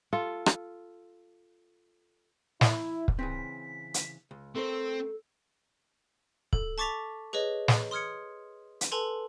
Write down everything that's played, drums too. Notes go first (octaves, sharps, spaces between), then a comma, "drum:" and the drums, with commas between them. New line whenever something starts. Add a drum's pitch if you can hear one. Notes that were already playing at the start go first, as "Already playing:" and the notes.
F4 A4
drum: rim click
E4, drum: snare
drum: kick
C#3 E3 C4 B6
drum: hi-hat
C#2
A3 C4 A4 A#4 C5
A4, drum: kick
A5 C#6 D6 A6 B6 F7
G#4 B4 C#5 D#5
drum: snare
C6 D#6 F6 G#6 C#7
drum: hi-hat
A4 B4 G#5 A5 C6 F7